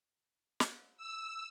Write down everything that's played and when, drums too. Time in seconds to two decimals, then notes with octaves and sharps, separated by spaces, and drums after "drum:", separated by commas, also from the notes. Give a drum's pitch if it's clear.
0.60 drum: snare
0.97 E6